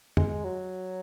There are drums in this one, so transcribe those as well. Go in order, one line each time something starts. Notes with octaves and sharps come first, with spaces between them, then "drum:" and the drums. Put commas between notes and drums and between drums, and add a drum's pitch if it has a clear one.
G#3, drum: tom
F#3